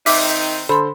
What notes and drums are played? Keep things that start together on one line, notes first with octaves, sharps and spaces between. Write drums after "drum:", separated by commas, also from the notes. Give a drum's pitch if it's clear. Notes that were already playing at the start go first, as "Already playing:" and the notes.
D#3 C4 D#4 E5 D6 F6 B6, drum: open hi-hat
D3 A4 C5 B5 C6